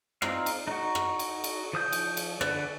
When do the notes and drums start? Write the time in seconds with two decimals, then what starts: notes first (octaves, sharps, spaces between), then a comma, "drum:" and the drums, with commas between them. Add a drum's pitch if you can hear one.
0.22 C4 D#4 F4 D5 F5, drum: rim click
0.46 drum: cymbal
0.67 D#4 F#4
0.95 drum: rim click
1.19 drum: cymbal
1.44 drum: cymbal
1.73 F3 D#6 G6
1.92 drum: cymbal
2.17 drum: cymbal
2.41 D3 B4 D5, drum: rim click